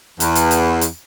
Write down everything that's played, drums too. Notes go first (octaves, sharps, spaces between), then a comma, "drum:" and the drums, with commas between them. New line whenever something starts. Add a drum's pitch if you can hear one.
E2, drum: hi-hat
drum: hi-hat
drum: hi-hat
drum: hi-hat